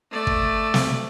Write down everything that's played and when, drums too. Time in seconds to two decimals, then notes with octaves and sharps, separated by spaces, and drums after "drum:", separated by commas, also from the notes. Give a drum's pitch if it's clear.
0.11 A3 D5
0.27 drum: kick
0.74 drum: snare